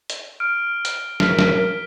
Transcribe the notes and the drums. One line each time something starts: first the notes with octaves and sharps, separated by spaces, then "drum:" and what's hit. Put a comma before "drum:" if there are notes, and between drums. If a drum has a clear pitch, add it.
drum: hi-hat
F6 D7
drum: hi-hat
A#4 F6 B6, drum: snare
drum: snare